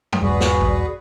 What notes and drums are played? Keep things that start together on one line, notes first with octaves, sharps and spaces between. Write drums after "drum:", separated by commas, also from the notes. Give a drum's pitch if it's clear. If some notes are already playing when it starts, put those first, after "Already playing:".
drum: tom
D#1 G2 F#4 G#4 B4 D5
drum: snare
drum: kick A#1